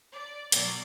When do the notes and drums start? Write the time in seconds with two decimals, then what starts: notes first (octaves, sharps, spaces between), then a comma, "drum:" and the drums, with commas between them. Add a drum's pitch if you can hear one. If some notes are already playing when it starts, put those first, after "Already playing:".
0.13 D5
0.52 B2 F#3 D5, drum: hi-hat